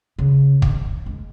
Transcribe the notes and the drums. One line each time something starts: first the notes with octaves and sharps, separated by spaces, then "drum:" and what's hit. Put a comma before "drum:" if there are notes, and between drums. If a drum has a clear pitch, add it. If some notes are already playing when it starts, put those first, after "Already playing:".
C#3
D#3, drum: kick
G#3